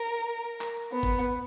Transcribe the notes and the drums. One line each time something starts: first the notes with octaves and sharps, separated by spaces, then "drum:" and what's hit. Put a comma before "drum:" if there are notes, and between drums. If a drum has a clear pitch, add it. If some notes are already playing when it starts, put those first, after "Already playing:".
Already playing: A#4
drum: clap
B3
drum: kick G1